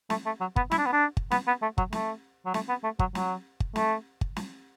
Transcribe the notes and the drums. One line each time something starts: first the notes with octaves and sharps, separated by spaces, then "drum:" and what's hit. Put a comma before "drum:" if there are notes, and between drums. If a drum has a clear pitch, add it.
A3, drum: snare
A3
F#3
B3, drum: kick G1
E4, drum: snare
D4
B3
D4
drum: kick G1
B3, drum: snare
B3
A3
F#3, drum: kick G1
A3, drum: snare
F#3
A3, drum: snare
B3
A3
F#3, drum: kick G1
F#3, drum: snare
drum: kick G1
A3, drum: snare
drum: kick G1
drum: snare